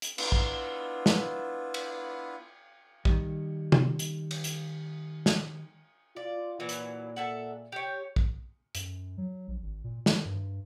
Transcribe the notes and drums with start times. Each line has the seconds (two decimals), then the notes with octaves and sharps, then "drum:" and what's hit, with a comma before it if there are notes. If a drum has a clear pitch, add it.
0.02 drum: hi-hat
0.18 B3 D4 E4 F4 B4, drum: cymbal
0.32 drum: kick
1.06 drum: snare
1.74 drum: cymbal
3.05 D#3 G3, drum: kick
3.72 drum: tom
3.99 drum: hi-hat
4.31 drum: cymbal
4.44 drum: hi-hat
5.26 drum: snare
6.17 F4 D5
6.60 A#2 E3 F#3 D5
6.69 drum: hi-hat
7.16 A4 E5 F#5
7.72 G4 C#5
8.16 drum: kick
8.75 F#2, drum: hi-hat
9.18 F#3
9.48 A#1
9.62 G#1
9.84 A#2
10.06 D#3, drum: snare
10.25 G2